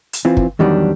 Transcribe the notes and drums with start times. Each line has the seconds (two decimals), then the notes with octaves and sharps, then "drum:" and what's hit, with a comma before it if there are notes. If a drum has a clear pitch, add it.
0.13 drum: hi-hat
0.25 E3 C4 F4
0.37 drum: kick
0.59 E2 D#3 F#3 G3 D4